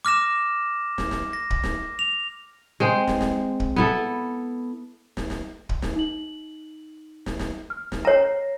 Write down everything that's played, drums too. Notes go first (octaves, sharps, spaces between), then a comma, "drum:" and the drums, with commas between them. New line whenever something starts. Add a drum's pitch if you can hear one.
D6 F6 A#6 E7
drum: snare
drum: snare
A#6
drum: kick
drum: snare
F7
G#3 C4 C5
drum: snare
drum: snare
drum: kick
B3 E4 A4
drum: snare
drum: snare
drum: kick
drum: snare
D#4 F#7
drum: snare
drum: snare
F6
drum: snare
C#5 A#5 A#6 C7